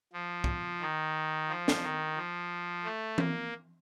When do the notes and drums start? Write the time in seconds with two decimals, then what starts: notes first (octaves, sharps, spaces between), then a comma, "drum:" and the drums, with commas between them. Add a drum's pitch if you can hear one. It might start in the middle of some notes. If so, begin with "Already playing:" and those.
0.13 F3
0.44 drum: kick
0.81 D#3
1.49 F3
1.68 drum: snare
1.83 D#3
2.17 F3
2.84 A3
3.18 A#3, drum: tom E3